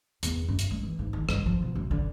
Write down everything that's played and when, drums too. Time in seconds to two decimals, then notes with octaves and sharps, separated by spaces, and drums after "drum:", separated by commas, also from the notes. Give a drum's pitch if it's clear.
0.23 E2, drum: hi-hat
0.49 F#2
0.59 drum: hi-hat
0.71 G#3
0.83 E3
0.99 G#2
1.13 D#3
1.29 G2, drum: rim click
1.46 F3
1.62 B2
1.75 F#2
1.91 D3